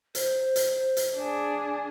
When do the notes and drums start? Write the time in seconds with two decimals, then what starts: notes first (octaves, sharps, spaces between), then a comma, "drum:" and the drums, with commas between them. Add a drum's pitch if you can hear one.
0.15 C5, drum: hi-hat
0.56 drum: hi-hat
0.97 drum: hi-hat
1.17 D4 G#4